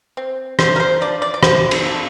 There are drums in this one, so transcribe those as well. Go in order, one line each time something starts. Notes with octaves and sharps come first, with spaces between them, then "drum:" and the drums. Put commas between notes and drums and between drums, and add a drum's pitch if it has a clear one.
C4
D3 C5, drum: rim click
A#4
C5
F3 D4 D5
D5
D5
D3 C5, drum: rim click
drum: cymbal
F3 D4